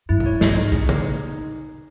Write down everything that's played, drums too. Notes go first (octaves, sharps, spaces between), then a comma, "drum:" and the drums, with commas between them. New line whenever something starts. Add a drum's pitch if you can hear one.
G2 E4
G2, drum: tom C3
G#2 C#5
G#2 D#5, drum: snare
D#4
A#2 G#4, drum: kick
D#4, drum: tom